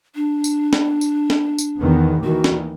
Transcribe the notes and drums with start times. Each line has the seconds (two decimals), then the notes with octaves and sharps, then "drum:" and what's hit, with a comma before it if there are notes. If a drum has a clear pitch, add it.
0.15 D4
0.44 drum: tambourine
0.73 drum: snare
1.01 drum: tambourine
1.30 drum: snare
1.58 drum: tambourine
1.80 E2 D#3 B3
2.24 D#2 D#3 E3 F#4
2.44 drum: snare